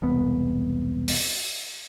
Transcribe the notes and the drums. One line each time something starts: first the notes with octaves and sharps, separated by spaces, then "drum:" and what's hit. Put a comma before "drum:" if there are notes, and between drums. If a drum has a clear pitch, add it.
E1 C2 B3
drum: open hi-hat